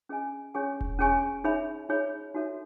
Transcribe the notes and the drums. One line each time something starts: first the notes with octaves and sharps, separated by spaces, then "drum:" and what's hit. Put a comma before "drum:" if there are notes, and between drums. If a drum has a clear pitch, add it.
C#4 G#4 D#5 G#5
C#4 G#4 C#5 G#5 C#6
drum: kick E1
C#4 G#4 C#5 G#5 C#6
D#4 G#4 C#5 E5 B5
D#4 G#4 C#5 E5 B5
D#4 F#4 A4 C#5 E5